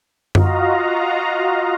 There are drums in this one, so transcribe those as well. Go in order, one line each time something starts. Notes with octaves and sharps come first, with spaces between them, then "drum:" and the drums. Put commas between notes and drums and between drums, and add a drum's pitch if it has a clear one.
F4 F#4 D#5 F5 A#5, drum: tom F#2